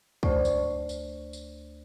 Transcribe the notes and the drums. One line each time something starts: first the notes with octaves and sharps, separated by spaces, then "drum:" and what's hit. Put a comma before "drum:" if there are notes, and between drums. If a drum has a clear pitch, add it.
D2 A3 C5 D5 C#6, drum: kick C2
drum: tambourine
drum: tambourine
drum: tambourine